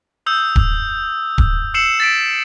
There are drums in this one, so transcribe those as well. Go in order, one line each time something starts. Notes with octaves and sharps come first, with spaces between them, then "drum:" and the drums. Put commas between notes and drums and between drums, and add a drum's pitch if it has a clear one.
D#6 E6 G6
drum: kick D1
drum: kick D1
E6 C7 C#7 E7 F#7
A6 B6 D7